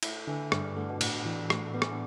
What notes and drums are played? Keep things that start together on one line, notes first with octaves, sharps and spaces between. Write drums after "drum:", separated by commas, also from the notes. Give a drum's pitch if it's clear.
A2 E4, drum: cymbal
D3 E3
G2 G3, drum: rim click
G3
D3 A3
B2
A2, drum: cymbal
E3
A2, drum: rim click
A3
G3 B3
E3, drum: rim click
D3